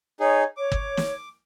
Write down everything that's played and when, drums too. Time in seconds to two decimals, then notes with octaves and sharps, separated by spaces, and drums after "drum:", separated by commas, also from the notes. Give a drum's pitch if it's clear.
0.20 D#4 G#4 C#5
0.57 C#5 D6
0.72 drum: kick
0.97 drum: snare